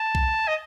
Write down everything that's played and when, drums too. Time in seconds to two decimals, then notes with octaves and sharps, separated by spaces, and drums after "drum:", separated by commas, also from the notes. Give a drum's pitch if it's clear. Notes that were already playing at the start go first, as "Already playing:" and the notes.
Already playing: A5
0.15 drum: kick B1
0.48 D#5